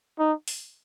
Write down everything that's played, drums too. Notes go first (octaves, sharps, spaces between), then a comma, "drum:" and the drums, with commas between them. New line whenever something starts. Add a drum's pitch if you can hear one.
D#4
drum: open hi-hat